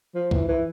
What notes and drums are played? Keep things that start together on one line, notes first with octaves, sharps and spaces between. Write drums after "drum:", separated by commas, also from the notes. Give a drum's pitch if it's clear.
F3
E3, drum: kick
E3